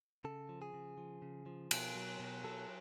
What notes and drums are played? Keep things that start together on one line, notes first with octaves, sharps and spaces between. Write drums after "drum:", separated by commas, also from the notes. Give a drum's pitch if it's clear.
C#3 A4
F3
G#4
C#3
F3
C#3
F3
B2, drum: cymbal
F#3
B2
F#3 A4